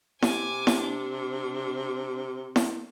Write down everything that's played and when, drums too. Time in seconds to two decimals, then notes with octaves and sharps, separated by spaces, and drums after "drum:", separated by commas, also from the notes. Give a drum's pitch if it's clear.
0.22 C3 G#5 D6, drum: snare E4
0.67 drum: snare E4
0.84 D4
2.56 drum: snare E4